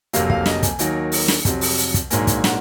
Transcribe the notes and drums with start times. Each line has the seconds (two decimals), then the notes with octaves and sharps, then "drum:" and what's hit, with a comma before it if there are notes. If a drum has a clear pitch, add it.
0.13 F1 F2 C3 F#3 A#3 F5, drum: hi-hat
0.30 F5, drum: kick
0.46 D#5, drum: snare
0.63 G#5, drum: kick, hi-hat
0.79 D#2 D#3 F#3 A#3, drum: hi-hat
1.12 drum: open hi-hat
1.28 drum: snare
1.45 F2 C3 F#3, drum: kick, hi-hat
1.61 drum: open hi-hat
1.78 drum: hi-hat
1.94 drum: kick, hi-hat
2.10 A#1 G#2 F#3 A#3 G#5, drum: hi-hat
2.27 drum: kick, hi-hat
2.44 F#5, drum: snare